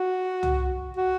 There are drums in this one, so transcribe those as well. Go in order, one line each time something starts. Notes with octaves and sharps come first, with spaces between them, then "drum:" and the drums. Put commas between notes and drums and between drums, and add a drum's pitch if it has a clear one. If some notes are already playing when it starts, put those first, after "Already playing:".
Already playing: F#4
drum: tom
F#4